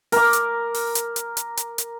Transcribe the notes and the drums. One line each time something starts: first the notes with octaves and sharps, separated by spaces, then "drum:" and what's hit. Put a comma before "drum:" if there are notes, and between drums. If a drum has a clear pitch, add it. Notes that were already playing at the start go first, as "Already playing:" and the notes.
A#4 D6, drum: open hi-hat
drum: hi-hat
drum: open hi-hat
drum: hi-hat
drum: hi-hat
drum: hi-hat
drum: hi-hat
drum: hi-hat